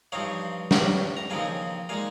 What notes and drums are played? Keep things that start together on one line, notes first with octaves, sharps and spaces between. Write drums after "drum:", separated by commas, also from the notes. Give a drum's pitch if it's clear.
G2 F3 C4 D#4 C#5 F5
G2 G3 C#4, drum: snare
A#5
D#2 C#3 F3 C4 D#4 F5 G#5
A#2 G#3 D#4 F5 G#5